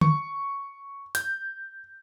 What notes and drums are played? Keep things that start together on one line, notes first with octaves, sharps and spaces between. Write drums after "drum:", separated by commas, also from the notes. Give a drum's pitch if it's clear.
C#6, drum: tom D3
G6, drum: hi-hat